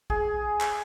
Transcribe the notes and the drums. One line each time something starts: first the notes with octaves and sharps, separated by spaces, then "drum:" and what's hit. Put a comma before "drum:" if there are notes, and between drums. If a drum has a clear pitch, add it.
G#4, drum: kick
drum: clap